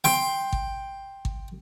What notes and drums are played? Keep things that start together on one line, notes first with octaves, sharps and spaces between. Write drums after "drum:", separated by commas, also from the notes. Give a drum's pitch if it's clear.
G5 C6, drum: snare
drum: kick G#1
drum: kick G#1